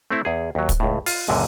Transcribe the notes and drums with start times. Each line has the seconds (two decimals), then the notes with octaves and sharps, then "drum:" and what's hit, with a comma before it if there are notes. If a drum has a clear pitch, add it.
0.11 A3 C4 E4
0.25 E2 G#4
0.55 D#2 F#3
0.69 drum: kick, hi-hat
0.80 C#2 A2
1.06 F4, drum: open hi-hat
1.28 C#2 F#2 A#2 D3